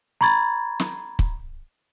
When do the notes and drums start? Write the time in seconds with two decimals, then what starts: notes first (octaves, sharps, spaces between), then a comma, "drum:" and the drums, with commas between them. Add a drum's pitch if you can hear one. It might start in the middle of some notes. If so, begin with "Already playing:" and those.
0.21 A#5 B5 C#6 G#6 A6
0.80 drum: snare
1.19 drum: kick